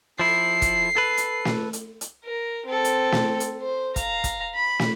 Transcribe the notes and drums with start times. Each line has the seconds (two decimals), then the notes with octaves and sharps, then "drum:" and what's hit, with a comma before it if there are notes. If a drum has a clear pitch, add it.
0.20 F3 E4 C7
0.62 drum: kick, hi-hat
0.97 A4 B4
1.17 drum: hi-hat
1.45 drum: snare
1.73 drum: hi-hat
2.01 drum: hi-hat
2.24 A#4
2.66 C4 A4
2.84 drum: hi-hat
3.12 drum: snare
3.40 drum: hi-hat
3.61 C5
3.96 F5 A#5, drum: kick, hi-hat
4.24 drum: kick, hi-hat
4.55 B5
4.79 drum: snare